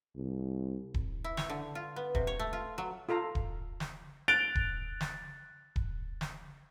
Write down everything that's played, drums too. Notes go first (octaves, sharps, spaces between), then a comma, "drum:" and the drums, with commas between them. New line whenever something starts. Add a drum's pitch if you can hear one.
C2
drum: kick D#1
E4
C#5, drum: snare
D3
F4
B3
C3, drum: kick D#1
C#5
A3
F4
F#3
F4 A4 F5 A#5
drum: kick D#1
drum: snare
F#6 A6 D7 F7 G7
drum: kick D#1
drum: snare
drum: kick D#1
drum: snare